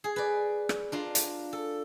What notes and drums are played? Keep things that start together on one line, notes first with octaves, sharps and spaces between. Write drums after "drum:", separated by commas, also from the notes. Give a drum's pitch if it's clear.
G#4
B4 D5
drum: rim click
D4 F4 A#4
drum: hi-hat
A4